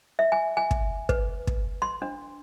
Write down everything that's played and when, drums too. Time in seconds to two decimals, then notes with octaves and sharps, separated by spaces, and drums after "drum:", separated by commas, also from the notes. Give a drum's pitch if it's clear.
0.19 E5
0.32 G#5
0.57 G#5
0.71 drum: kick
1.09 B4, drum: kick
1.47 drum: kick
1.82 C6
2.02 D4